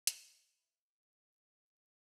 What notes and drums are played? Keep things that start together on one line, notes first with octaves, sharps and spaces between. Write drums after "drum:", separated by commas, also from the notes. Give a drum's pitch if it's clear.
drum: hi-hat
C#5
E4 B4
G5 D6
B4 D#5
D#6